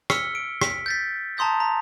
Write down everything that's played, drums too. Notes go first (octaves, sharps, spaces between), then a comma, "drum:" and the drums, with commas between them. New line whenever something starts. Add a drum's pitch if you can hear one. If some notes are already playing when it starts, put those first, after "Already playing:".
E6 F6 B6 C#7 G7, drum: rim click
D7
B6, drum: rim click
G6 A6 B6
A5 A#5 C6 D#6 G6 A#6
A#5